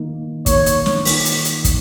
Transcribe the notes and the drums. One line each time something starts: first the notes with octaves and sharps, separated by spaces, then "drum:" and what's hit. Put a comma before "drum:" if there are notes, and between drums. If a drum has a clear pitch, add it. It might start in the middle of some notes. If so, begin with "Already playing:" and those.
Already playing: D#3 A#3 D#4
D#3 A#3 D#4 C#5, drum: kick, hi-hat
drum: hi-hat
drum: snare
D#3 A#3 D#4, drum: open hi-hat
drum: hi-hat
drum: hi-hat
drum: kick, hi-hat